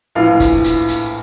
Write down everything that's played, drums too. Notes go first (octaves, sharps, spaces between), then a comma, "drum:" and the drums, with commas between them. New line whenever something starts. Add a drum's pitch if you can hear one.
A#1 A2 E3 F5
drum: kick, hi-hat
drum: hi-hat
drum: hi-hat